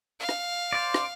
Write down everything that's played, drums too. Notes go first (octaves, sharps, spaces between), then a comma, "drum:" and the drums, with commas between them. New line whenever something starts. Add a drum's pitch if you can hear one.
F5
drum: rim click
C5 D5
drum: rim click